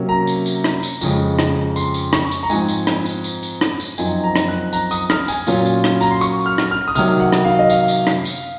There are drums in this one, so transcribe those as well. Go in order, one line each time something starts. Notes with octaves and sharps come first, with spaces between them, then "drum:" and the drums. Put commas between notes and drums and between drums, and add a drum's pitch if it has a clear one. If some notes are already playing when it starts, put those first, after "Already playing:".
Already playing: C3 F#3 A#3 C#4
A#5
drum: tambourine
drum: tambourine
drum: rim click
drum: tambourine
F2 C#3 F3 G#3, drum: tambourine
drum: rim click
C6, drum: tambourine
drum: tambourine
C#6, drum: rim click
drum: tambourine
A#5
G#2 F3 C4 G#5, drum: tambourine
drum: tambourine
drum: rim click
drum: tambourine
drum: tambourine
drum: tambourine
drum: rim click
drum: tambourine
F#2 F3 C4 D#4 G#5, drum: tambourine
A#5
drum: rim click
F#6
A#5, drum: tambourine
D#6, drum: tambourine
F6, drum: rim click
G#5, drum: tambourine
A#2 F#3 C#4 F4, drum: tambourine
drum: tambourine
drum: rim click
A#5, drum: tambourine
C6
C#6, drum: tambourine
F6
drum: rim click
F6
D#6
C3 D#3 F#3 F6, drum: tambourine
F#5
drum: rim click
F5
D#5
F5, drum: tambourine
drum: tambourine
drum: rim click
drum: tambourine